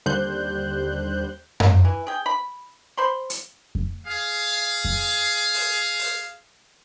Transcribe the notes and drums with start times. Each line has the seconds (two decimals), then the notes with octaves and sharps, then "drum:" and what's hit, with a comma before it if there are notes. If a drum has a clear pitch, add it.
0.06 D#2 D3 G3 C5 F#6 G6
1.60 drum: tom F#2
1.85 E3
2.07 G#4 G5
2.26 B5
2.97 C5 B5 C6
3.30 drum: hi-hat
3.75 drum: kick F2
4.06 G#4 F5
4.85 drum: kick F2
5.54 drum: open hi-hat
5.99 drum: open hi-hat